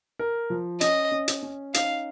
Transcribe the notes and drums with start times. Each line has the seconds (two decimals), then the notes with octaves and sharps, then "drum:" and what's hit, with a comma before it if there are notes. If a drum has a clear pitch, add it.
0.19 A#4
0.50 F3
0.81 C#4 D#5, drum: hi-hat
1.12 C#4
1.28 drum: hi-hat
1.43 C#4
1.74 D#4 F5, drum: hi-hat